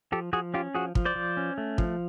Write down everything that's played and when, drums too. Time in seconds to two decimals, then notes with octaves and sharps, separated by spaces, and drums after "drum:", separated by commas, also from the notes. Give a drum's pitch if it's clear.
0.12 F3 G4 A4
0.33 F3 F#4 G#4
0.54 C#4 F4 G4
0.75 F3 F#4 G#4
0.95 F3, drum: kick
1.05 C5 D5
1.15 F3
1.37 C#4
1.58 A3
1.78 F3, drum: kick